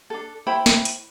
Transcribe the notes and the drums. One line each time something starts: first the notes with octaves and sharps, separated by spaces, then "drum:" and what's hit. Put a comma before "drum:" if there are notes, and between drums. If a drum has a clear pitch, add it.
D4 A4
E4 C5 G5 B5
drum: snare
drum: hi-hat